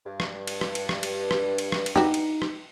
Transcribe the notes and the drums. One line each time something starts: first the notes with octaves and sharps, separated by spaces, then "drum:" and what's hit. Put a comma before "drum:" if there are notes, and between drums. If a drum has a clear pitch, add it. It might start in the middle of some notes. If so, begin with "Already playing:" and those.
G2
drum: rim click
drum: cymbal
drum: rim click
drum: cymbal
drum: rim click
drum: cymbal
drum: rim click
drum: cymbal
drum: rim click
drum: cymbal
D#4 F#4 G4
drum: cymbal
drum: rim click